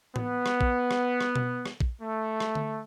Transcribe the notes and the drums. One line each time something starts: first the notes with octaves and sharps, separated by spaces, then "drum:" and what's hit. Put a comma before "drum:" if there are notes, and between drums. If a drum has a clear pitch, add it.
B3, drum: tom A2
drum: rim click
drum: kick A#1
drum: rim click
drum: rim click
drum: tom B2
drum: rim click
drum: kick A#1
A3
drum: rim click
drum: tom D3